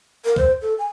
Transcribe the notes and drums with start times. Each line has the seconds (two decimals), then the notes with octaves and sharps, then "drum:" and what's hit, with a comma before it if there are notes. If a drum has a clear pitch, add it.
0.25 A#4
0.36 C5, drum: kick
0.62 A4
0.79 G#5